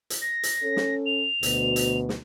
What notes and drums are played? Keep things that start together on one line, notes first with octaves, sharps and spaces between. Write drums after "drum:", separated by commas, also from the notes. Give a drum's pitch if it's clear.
drum: hi-hat
A#6
drum: hi-hat
C#4 A4
drum: snare
F7
D2 B2, drum: hi-hat
drum: hi-hat
drum: snare